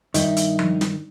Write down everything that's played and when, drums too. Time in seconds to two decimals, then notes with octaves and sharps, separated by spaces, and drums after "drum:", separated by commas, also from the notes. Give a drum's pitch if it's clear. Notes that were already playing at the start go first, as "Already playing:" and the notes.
0.14 G2 D#3 D#4 E5, drum: hi-hat
0.37 drum: hi-hat
0.59 drum: tom F3
0.81 drum: snare